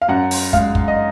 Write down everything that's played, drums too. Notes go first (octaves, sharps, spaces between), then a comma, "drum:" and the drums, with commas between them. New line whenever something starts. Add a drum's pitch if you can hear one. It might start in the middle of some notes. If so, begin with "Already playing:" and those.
F5
F#2 F#5
drum: open hi-hat
G#3 F5, drum: kick
drum: kick
D#5